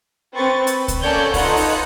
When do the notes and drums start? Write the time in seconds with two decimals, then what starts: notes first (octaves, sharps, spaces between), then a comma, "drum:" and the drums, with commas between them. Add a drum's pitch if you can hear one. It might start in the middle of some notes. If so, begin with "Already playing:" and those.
0.35 C4 B4 C#6 A6
0.67 B4, drum: hi-hat
0.88 drum: kick C2, hi-hat
1.02 A#3 C#4 A4 C#5 D5 G6
1.34 D#4 F4 A4 B4 C#5 F#5, drum: kick C2, open hi-hat
1.56 drum: open hi-hat